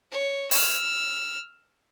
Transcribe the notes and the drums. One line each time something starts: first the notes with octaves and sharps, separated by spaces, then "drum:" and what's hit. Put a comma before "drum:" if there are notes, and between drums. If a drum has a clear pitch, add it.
C#5
E6 F6, drum: open hi-hat